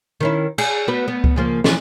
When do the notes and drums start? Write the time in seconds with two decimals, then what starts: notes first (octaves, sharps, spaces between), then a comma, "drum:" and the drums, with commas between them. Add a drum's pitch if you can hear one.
0.20 D#3 C#4 E4
0.58 G#4, drum: cymbal
0.88 B3 F#4 B4
1.08 B3
1.24 drum: kick C#2
1.36 C#3 F3 A#3
1.64 E3 F3, drum: snare